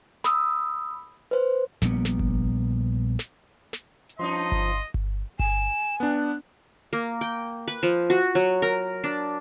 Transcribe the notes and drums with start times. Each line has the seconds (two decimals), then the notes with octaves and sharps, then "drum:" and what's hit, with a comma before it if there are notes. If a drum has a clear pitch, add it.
0.24 B5 D#6 E6, drum: snare
1.31 B4 C5
1.82 A#1 A#2 G3 B3, drum: snare
2.05 drum: snare
2.19 drum: kick G1
3.19 drum: snare
3.73 drum: snare
4.09 drum: hi-hat
4.19 G2 F3 C#4 D#4 D#5 C6
4.52 drum: kick G1
4.94 drum: kick G1
5.39 G#5 E7, drum: kick G1
6.00 B3 D4 F#6, drum: hi-hat
6.93 A#3
7.21 G5
7.68 B4
7.83 F3
8.10 F#4
8.35 F#3
8.62 A#4
9.04 D4